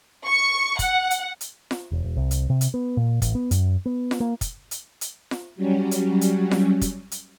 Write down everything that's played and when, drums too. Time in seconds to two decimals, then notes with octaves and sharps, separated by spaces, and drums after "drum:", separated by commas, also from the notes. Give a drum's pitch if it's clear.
0.23 C#6 C#7
0.79 F#5, drum: kick, hi-hat
1.11 drum: hi-hat
1.41 drum: hi-hat
1.71 drum: snare F4
1.91 E1
2.04 E1
2.17 C2
2.31 drum: hi-hat
2.50 C3
2.61 drum: hi-hat
2.74 B3
2.97 A#2
3.22 A1, drum: kick, hi-hat
3.35 B3
3.51 F#2, drum: hi-hat
3.86 B3
4.11 drum: snare F4
4.20 A#3
4.41 drum: kick, hi-hat
4.71 drum: hi-hat
5.01 drum: hi-hat
5.31 drum: snare F4
5.56 F#3 G3 C#4
5.91 drum: hi-hat
6.21 drum: hi-hat
6.51 drum: snare F4
6.81 drum: kick, hi-hat
7.11 drum: hi-hat